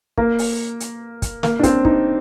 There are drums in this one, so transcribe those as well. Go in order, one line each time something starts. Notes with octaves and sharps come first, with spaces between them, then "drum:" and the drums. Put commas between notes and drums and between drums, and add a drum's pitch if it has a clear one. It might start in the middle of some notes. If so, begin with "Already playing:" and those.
A#3, drum: kick
drum: open hi-hat
drum: hi-hat
drum: kick, hi-hat
A#3, drum: snare
D4
C4, drum: kick, hi-hat
D#4, drum: kick